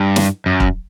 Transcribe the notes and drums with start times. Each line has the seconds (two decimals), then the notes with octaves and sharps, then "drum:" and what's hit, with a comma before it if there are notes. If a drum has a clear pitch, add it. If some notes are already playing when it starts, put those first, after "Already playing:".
Already playing: G2
0.16 drum: snare
0.46 F#2
0.60 drum: kick